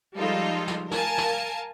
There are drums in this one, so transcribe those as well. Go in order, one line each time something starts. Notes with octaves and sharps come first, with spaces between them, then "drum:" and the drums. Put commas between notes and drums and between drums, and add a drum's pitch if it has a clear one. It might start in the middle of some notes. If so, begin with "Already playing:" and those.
F3 G3 G#3 D#4 F4 A4
drum: snare
A#4 F5 G#5 A5, drum: snare
drum: snare